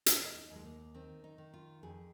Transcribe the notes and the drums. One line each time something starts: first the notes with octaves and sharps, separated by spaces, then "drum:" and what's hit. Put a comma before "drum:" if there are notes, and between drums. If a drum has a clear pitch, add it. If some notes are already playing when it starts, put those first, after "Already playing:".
D#2 D#5, drum: hi-hat
D#5
D#4
D#2
G#3
A#3
D#3 C4
D#4
D#3
F4
F2 G#4